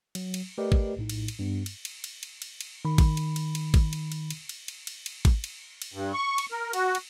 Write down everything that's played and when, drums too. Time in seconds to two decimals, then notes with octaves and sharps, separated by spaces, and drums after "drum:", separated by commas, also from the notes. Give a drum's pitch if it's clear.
0.15 F#3, drum: cymbal
0.34 drum: cymbal
0.58 A3 G4 A#4 B4 D5 D#5
0.72 drum: kick G#1
0.96 A#1 A2 D#4
1.09 drum: cymbal
1.28 drum: cymbal
1.39 G2 B3
1.66 drum: cymbal
1.85 drum: cymbal
2.04 drum: cymbal
2.23 drum: cymbal
2.42 drum: cymbal
2.61 drum: cymbal
2.85 D#3 B5
2.98 drum: kick G#1, cymbal
3.17 drum: cymbal
3.36 drum: cymbal
3.55 drum: cymbal
3.74 drum: kick G#1, cymbal
3.93 drum: cymbal
4.12 drum: cymbal
4.30 drum: cymbal
4.49 drum: cymbal
4.68 drum: cymbal
4.87 drum: cymbal
5.06 drum: cymbal
5.25 drum: kick G#1, cymbal
5.44 drum: cymbal
5.82 drum: cymbal
5.94 G2
6.14 C#6
6.38 drum: cymbal
6.52 A#4
6.73 F#4, drum: cymbal
6.95 drum: cymbal